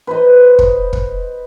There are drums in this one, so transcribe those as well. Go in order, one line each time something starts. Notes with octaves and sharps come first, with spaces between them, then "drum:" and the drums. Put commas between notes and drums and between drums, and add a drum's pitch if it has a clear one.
B4 C5 D#5
drum: kick
drum: kick